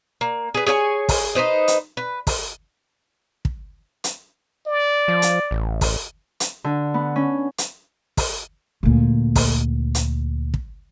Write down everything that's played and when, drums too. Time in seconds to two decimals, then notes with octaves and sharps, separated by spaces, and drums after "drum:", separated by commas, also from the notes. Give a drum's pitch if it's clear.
0.21 A#3
0.54 G#4 B4
0.67 G#4 C#5 E5 G#5
1.09 drum: kick, open hi-hat
1.35 D#4 B4 C5 D#5
1.68 drum: hi-hat
1.97 B4
2.27 drum: kick, open hi-hat
3.45 drum: kick
4.04 drum: hi-hat
4.67 D5
5.08 F3
5.22 drum: hi-hat
5.51 A1
5.81 drum: kick, open hi-hat
6.40 drum: hi-hat
6.64 D3
6.94 B3
7.16 C#4
7.58 drum: hi-hat
8.17 drum: kick, open hi-hat
8.83 D2 A#2
9.35 drum: kick, open hi-hat
9.95 drum: hi-hat
10.54 drum: kick